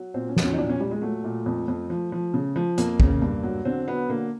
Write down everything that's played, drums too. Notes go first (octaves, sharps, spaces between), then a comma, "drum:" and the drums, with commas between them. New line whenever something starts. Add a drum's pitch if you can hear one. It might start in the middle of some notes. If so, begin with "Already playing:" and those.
Already playing: F#3
A#2 C4
C#4
F#3, drum: snare
C#4
D#4
A#2 D4
C#4
A#2 G3
G#3
F#3 A3
A#2
F2
F2
F3
F3
C#3
F3
F2 A#3, drum: hi-hat
C#3, drum: kick
G2
F#3
D3 C4
F#3 B3
D3 A#3